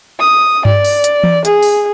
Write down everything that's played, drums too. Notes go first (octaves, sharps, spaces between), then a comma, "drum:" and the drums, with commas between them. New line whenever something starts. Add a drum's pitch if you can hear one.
D#6
D5, drum: tom G2
drum: open hi-hat
drum: hi-hat
drum: tom E3
G#4, drum: hi-hat
drum: open hi-hat